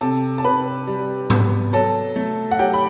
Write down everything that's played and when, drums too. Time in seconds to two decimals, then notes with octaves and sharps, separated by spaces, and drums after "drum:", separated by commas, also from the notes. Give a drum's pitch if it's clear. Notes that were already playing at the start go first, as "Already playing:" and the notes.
0.01 C3 A4 A5
0.38 A5
0.44 C3 B4 B5
0.87 G3
1.30 B3, drum: tom G#2
1.73 F#3 A4 A5
2.16 A3
2.51 F#5
2.59 F#3 G4 G5
2.74 B5